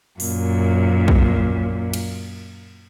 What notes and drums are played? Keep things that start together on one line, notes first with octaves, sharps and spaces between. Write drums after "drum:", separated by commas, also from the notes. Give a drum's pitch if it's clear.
F#2 A#2, drum: open hi-hat
drum: kick
drum: cymbal